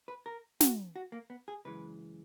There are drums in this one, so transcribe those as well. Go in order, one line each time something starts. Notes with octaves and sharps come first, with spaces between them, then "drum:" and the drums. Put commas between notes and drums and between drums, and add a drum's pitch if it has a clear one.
B4
A#4
F#4, drum: snare
F#4
A#3
B3
G#4
F#2 C#3 E3 G#3 B4